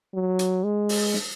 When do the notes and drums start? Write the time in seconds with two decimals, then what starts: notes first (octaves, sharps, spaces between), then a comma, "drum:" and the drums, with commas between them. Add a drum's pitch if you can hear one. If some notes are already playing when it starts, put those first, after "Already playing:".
0.14 F#3
0.39 drum: hi-hat
0.64 G#3
0.89 drum: open hi-hat
1.14 drum: snare